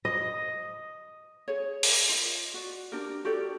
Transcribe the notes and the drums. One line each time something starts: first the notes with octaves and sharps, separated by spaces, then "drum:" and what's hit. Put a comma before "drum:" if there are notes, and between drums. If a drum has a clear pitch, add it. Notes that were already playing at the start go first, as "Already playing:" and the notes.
D#5
G#4 C#5
drum: open hi-hat
F4 D#5
F#4 D5
D4 G4 A#4
F#4 G4 A4 D5